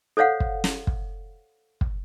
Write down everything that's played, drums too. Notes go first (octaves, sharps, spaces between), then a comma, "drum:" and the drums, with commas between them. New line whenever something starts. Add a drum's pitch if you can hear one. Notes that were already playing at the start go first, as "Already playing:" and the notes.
A4 C5 C#5 F5 F#5
drum: kick
drum: snare
drum: kick
drum: kick